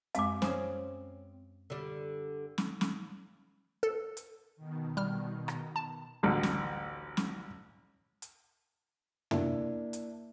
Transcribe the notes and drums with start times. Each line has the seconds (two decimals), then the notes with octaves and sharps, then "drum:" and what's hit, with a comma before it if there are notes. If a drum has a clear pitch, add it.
0.15 F#2 G#3 C4 F5 D6, drum: hi-hat
0.42 C4 C#4 G#5 D#6, drum: snare
1.70 D3 G3
2.58 drum: snare
2.81 drum: snare
3.83 A4
4.17 drum: hi-hat
4.56 B2 D#3
4.97 G3 F6
5.48 drum: rim click
5.76 A5
6.23 A1 D2 D3
6.43 drum: snare
7.17 drum: snare
8.22 drum: hi-hat
9.31 A#3 D4 E4, drum: tom
9.93 drum: hi-hat